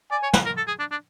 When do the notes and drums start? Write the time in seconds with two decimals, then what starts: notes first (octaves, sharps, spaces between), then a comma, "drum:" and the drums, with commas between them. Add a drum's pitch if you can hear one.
0.11 D5 G#5
0.23 C#5
0.33 B4, drum: snare
0.46 A#4
0.57 A4
0.67 G#4
0.79 D4
0.91 D4